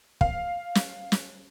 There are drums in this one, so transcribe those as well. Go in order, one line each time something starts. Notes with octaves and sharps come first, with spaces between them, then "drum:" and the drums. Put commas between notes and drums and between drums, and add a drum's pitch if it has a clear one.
F5, drum: kick
drum: snare
drum: snare